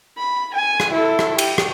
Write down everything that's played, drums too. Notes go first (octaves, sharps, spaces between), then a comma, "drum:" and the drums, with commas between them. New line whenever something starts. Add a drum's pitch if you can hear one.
B5
G#5
drum: rim click
E4 A4
drum: rim click
G4, drum: cymbal
drum: rim click